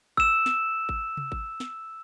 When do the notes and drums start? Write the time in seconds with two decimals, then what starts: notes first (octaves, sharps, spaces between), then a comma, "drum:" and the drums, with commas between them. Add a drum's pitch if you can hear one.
0.17 E6 E7, drum: kick G#1
0.46 drum: snare
0.89 drum: kick G#1
1.17 drum: tom C3
1.32 drum: kick G#1
1.60 drum: snare